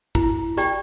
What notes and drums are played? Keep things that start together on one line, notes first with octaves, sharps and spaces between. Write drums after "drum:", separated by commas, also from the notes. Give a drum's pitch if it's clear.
E4, drum: kick
G4 D5 G5, drum: hi-hat